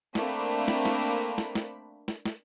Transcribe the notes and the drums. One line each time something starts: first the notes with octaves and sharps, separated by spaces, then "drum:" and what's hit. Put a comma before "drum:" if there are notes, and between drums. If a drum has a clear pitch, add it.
A3 A#3 C4 D4 B5, drum: snare
drum: snare
drum: snare
drum: snare
drum: snare
drum: snare
drum: snare